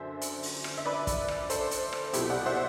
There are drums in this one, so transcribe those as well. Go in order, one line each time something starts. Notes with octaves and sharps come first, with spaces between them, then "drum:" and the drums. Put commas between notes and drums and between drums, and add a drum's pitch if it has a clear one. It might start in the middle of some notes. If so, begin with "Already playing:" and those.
Already playing: F#2 D3 F#3 C5 E5
drum: hi-hat
drum: open hi-hat
drum: rim click
E5
B4 D5
drum: kick, hi-hat
drum: rim click
A4 C5, drum: hi-hat
drum: hi-hat
drum: rim click
C2 B2 F#3 E4 G4, drum: hi-hat
D5 F#5
C5 E5